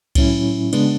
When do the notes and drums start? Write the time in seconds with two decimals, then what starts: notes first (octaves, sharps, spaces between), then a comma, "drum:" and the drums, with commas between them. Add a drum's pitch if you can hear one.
0.15 A2 F#3 C#4 E4, drum: kick C2, cymbal
0.73 C#3 G#3 B3 D4, drum: cymbal